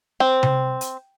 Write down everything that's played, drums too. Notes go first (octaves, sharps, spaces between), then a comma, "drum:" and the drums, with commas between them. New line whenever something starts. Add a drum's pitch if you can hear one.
C4
drum: tom C3
drum: hi-hat